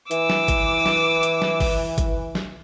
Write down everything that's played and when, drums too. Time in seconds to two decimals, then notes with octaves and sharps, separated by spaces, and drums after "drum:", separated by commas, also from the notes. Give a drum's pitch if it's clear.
0.11 E3 D6 E6, drum: hi-hat
0.30 drum: snare
0.48 drum: kick, hi-hat
0.86 drum: snare
1.23 drum: hi-hat
1.42 drum: snare
1.60 drum: kick, open hi-hat
1.98 drum: kick, hi-hat
2.35 drum: snare